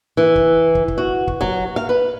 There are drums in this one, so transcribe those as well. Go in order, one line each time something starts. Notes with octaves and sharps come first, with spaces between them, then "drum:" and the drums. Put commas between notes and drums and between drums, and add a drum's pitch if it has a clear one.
E3
drum: kick
drum: kick
drum: kick
F#4
drum: kick
F#3, drum: kick
F5
B4